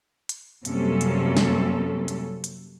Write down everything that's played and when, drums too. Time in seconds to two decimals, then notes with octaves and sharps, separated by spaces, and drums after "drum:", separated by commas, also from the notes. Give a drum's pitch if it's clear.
0.29 drum: hi-hat
0.65 F#2 C3 G3 A#3 C#4 A4, drum: hi-hat
1.01 drum: hi-hat
1.37 drum: snare
2.08 drum: hi-hat
2.44 drum: hi-hat